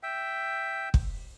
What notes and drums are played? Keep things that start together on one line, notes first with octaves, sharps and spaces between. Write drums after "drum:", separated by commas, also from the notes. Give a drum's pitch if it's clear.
E5 G5
drum: kick